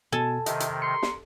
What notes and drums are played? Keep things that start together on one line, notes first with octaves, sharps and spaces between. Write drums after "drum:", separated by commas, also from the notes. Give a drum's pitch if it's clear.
B2 A4 G#5 A5
C3 D#3 D#5 E5, drum: hi-hat
drum: hi-hat
A#5 C6 C#7
drum: snare